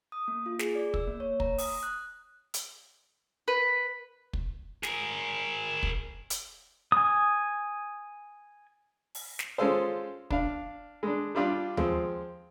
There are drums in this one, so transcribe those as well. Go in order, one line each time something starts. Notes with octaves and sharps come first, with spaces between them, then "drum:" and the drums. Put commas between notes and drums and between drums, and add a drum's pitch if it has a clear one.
D#6
A#3
F4
G#4, drum: snare
D5
E6, drum: kick
A#3
C#5
A#5, drum: kick
D#6, drum: open hi-hat
F#6
drum: hi-hat
B4
drum: kick
G#4 A#4, drum: snare
drum: kick
drum: hi-hat
G#5 D#6
drum: open hi-hat
drum: snare
G#3 C#4 F4 A4 C5
D4 F5, drum: kick
G#3 D4
G3 D4 F4 G4
F3 G#3 C4, drum: tom D#2